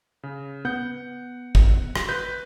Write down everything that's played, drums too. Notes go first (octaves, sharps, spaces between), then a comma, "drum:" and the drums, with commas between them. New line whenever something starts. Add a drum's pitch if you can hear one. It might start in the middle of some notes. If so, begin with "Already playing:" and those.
C#3
B3 F#5 G6
drum: kick
drum: rim click
B4 G6